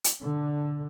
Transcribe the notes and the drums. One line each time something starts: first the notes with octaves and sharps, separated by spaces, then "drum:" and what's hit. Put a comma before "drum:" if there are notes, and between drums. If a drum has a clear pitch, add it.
drum: hi-hat
D3